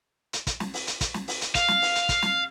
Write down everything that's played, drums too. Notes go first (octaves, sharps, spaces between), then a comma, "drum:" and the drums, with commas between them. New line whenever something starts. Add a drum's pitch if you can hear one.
drum: hi-hat
drum: kick, hi-hat
drum: snare
drum: open hi-hat
drum: hi-hat
drum: kick, hi-hat
drum: snare
drum: open hi-hat
drum: hi-hat
F5, drum: kick, hi-hat
drum: snare
drum: open hi-hat
drum: hi-hat
drum: kick, hi-hat
drum: snare